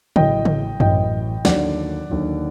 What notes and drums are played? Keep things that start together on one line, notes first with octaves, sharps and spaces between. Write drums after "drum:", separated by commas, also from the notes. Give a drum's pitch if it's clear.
A1 A2 F#3 D#5 G5, drum: tom C#3
drum: tom C#3
A1 A2 F#3 D#5 G5, drum: tom F#2
D#2 D3 F#3 D5 F#5, drum: snare
D#2 D3 F#3